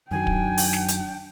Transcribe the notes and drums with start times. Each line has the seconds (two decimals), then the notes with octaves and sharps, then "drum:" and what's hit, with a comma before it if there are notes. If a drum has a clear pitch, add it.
0.11 F#2 D#3 F#3 D4 G5 G#5
0.27 drum: kick
0.58 drum: open hi-hat
0.73 drum: snare
0.88 drum: hi-hat